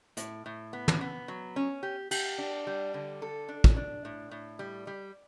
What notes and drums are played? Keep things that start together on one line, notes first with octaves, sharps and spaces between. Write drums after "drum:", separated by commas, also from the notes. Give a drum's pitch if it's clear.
A2, drum: hi-hat
A2
B3
drum: tom
B3
F#3
C#4
G4
G4, drum: cymbal
D4
G3
D3
A4
D4
drum: kick
D4
A2
A2
G3
G3